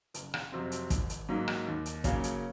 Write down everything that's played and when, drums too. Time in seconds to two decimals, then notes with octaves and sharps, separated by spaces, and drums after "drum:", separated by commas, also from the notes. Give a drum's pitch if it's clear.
0.14 F#1, drum: hi-hat
0.34 drum: rim click
0.52 F2 C3 F#3 C4
0.72 drum: hi-hat
0.90 G#1, drum: kick, hi-hat
1.10 drum: hi-hat
1.29 G#2 F#3 A#3 D#4
1.48 drum: rim click
1.67 D#2
1.86 drum: hi-hat
2.04 C#3 F#3 A#3 C#4, drum: kick, hi-hat
2.24 drum: hi-hat